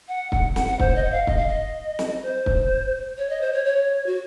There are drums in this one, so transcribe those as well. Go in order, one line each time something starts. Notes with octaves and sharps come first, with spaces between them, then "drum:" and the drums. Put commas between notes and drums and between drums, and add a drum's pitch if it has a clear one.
F#5
F#5, drum: kick
F#5, drum: snare
F#5
C5, drum: kick
D#5
F#5
F5
D#5, drum: kick
F5
D#5
drum: snare
C5
drum: kick
C#5
D#5
C5
C#5
C#5
F#4